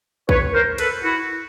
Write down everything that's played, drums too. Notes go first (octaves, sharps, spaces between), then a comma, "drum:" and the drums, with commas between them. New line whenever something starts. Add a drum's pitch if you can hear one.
B4 C#5, drum: kick
A#4 C5
A4 B4, drum: cymbal
E4 F#4